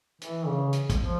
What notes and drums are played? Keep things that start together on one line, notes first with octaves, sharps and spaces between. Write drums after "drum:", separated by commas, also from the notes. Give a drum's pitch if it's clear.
E3, drum: hi-hat
C#3
drum: hi-hat
drum: kick, hi-hat
F3